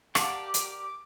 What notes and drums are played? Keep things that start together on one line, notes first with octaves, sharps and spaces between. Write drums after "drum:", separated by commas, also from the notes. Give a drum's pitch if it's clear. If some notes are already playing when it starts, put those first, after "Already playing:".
G4 A#4 D5 F5 F#5 A5 D6, drum: rim click
drum: hi-hat